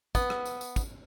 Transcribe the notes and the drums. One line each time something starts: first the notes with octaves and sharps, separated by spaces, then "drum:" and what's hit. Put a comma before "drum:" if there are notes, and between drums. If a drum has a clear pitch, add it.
B3, drum: kick, tambourine
drum: rim click
drum: tambourine
drum: tambourine
drum: kick, tambourine